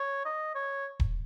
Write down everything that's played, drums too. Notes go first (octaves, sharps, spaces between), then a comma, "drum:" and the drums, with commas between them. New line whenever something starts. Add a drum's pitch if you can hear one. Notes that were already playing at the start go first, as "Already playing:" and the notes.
Already playing: C#5
D#5
C#5
drum: kick D#1